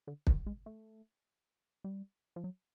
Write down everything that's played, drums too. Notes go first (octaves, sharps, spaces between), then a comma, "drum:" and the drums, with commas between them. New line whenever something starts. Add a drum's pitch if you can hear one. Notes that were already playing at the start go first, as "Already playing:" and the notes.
D3
D#3, drum: kick
G#3
A3
G3
F3
F#3